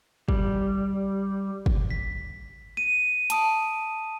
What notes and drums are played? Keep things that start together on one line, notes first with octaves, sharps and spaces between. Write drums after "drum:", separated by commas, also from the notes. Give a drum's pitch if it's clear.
G3, drum: kick
drum: kick
B6
D#7
A5 D#6 D7, drum: hi-hat